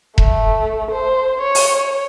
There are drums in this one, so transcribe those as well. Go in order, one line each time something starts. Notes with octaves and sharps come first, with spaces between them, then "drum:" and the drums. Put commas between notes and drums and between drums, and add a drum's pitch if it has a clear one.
A3, drum: kick E1
C5
C#5
drum: open hi-hat